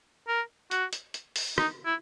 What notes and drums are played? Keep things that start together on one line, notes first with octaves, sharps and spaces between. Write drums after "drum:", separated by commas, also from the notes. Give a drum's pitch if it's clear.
A#4
F#4, drum: hi-hat
drum: hi-hat
drum: hi-hat
drum: open hi-hat
D#4, drum: rim click
E4